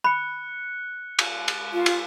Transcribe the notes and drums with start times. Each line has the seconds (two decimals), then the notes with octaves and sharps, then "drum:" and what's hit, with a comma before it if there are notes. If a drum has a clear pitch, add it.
0.04 B5 F#6 C#7
1.19 drum: cymbal
1.48 drum: cymbal
1.73 F4
1.86 drum: cymbal